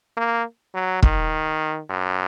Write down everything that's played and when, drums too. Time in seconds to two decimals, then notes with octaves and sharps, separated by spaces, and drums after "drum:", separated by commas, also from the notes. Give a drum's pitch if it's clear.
0.17 A#3
0.74 F#3
1.03 D#3, drum: kick
1.89 F#2